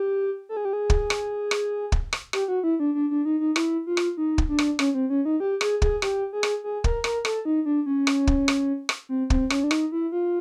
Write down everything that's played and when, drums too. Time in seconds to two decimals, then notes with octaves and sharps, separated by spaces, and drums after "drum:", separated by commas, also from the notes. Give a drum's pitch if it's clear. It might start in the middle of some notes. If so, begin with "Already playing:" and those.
Already playing: G4
0.49 A4
0.57 G#4
0.65 G4
0.73 G#4
0.90 drum: kick
1.10 drum: rim click
1.51 drum: rim click
1.92 drum: kick
2.13 drum: rim click
2.33 G4, drum: rim click
2.48 F#4
2.64 E4
2.80 D4
2.95 D4
3.11 D4
3.25 D#4
3.40 D#4
3.56 E4, drum: rim click
3.87 F4
3.97 drum: rim click
4.17 D#4
4.38 drum: kick
4.49 D4
4.59 drum: rim click
4.79 C#4, drum: rim click
4.94 C4
5.10 C#4
5.25 D#4
5.40 G4
5.61 G#4, drum: rim click
5.82 G#4, drum: kick
6.02 G4, drum: rim click
6.33 G#4
6.43 drum: rim click
6.64 G#4
6.84 A#4, drum: kick
7.04 A#4, drum: rim click
7.25 A4, drum: rim click
7.45 D#4
7.66 D4
7.86 C#4
8.07 drum: rim click
8.27 drum: kick
8.48 drum: rim click
8.89 drum: rim click
9.09 C4
9.30 C4, drum: kick
9.50 C#4, drum: rim click
9.64 D4
9.71 D#4, drum: rim click
9.92 E4
10.12 F4